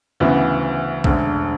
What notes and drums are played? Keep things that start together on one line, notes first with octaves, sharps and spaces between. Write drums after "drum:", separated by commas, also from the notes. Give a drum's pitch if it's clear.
D2 C#3 E3 B3 F#4
E1 D2 D3, drum: kick A#1